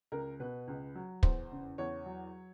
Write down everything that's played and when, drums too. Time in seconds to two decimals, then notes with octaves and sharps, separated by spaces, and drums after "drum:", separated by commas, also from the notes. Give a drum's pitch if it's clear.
0.12 C#2 A#4
0.40 B2 B4
0.68 C#2
0.95 F#3
1.23 E2 C5, drum: kick
1.52 C#3
1.78 E2 C#5
2.06 F#3